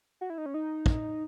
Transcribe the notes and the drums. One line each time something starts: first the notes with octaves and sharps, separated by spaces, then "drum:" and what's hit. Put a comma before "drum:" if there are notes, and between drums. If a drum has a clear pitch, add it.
F#4
E4
D#4
C#4
D#4
drum: kick